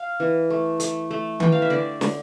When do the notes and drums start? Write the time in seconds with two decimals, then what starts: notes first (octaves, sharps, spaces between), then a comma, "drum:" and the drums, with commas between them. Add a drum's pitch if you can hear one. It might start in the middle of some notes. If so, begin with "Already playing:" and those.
Already playing: F5
0.20 E3
0.50 A3
0.80 A3, drum: hi-hat
1.11 A3
1.40 E3 G5, drum: tom D#3
1.52 F5
1.62 E5
1.70 D3 D5
2.01 D3, drum: snare